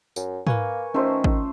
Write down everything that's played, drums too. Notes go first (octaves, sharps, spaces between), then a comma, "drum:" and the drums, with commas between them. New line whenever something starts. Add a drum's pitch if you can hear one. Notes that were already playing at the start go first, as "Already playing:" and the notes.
F#2, drum: tambourine
A#3 A#4 B4 G#5 C#6, drum: tom G#2
D#3 A3 C#4 F4 C5
drum: kick